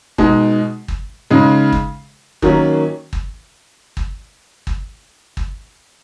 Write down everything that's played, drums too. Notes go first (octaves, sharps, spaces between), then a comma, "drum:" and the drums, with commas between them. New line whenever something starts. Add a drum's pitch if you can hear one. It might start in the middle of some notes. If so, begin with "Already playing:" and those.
B2 G#3 D#4, drum: kick
drum: kick
C#3 G#3 D#4
drum: kick
D#3 F#3 A#3 C#4, drum: kick
drum: kick
drum: kick
drum: kick
drum: kick